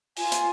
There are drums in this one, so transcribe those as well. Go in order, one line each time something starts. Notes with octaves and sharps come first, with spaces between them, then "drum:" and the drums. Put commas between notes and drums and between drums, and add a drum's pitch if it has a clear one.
F4 G#5, drum: open hi-hat
drum: hi-hat